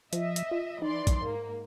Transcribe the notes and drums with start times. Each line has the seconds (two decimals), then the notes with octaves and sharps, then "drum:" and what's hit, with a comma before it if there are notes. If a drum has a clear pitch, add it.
0.13 F3 D#5 E5, drum: hi-hat
0.36 drum: hi-hat
0.51 F4
0.82 E3 D#4 D5 C6
1.07 drum: kick, hi-hat
1.23 G#2 A#3